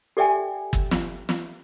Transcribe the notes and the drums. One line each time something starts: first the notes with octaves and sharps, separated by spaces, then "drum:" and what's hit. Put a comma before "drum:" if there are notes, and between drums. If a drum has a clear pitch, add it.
G4 A4 D5 E5 G5 G#5
drum: kick
drum: snare
drum: snare